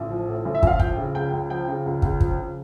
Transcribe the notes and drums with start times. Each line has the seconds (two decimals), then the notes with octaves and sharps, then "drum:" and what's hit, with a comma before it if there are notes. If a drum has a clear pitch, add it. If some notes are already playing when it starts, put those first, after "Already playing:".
Already playing: A1
0.10 F3
0.28 A2
0.45 A1
0.55 E5
0.63 A1 F5, drum: kick
0.79 F3 G5, drum: kick
0.97 C#3
1.14 C#2 G5
1.32 C#2
1.50 F3 G5
1.68 C#3
1.86 C#2
2.02 C#2, drum: kick
2.20 F3, drum: kick
2.38 C#3